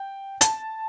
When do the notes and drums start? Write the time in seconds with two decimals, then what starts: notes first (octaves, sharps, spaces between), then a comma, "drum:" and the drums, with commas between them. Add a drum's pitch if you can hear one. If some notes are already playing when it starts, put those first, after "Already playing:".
Already playing: G5
0.41 A5, drum: hi-hat